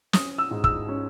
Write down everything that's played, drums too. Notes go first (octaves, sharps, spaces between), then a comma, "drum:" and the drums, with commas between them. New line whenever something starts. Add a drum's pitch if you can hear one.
C#4 D#6, drum: snare
E6
G#2
E6, drum: kick
C#4